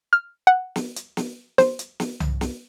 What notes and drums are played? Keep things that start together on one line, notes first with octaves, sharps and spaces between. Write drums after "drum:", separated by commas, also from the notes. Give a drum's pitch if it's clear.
F6
F#5
drum: snare
drum: hi-hat
drum: snare
C5, drum: snare
drum: hi-hat
drum: snare
drum: tom C2
drum: snare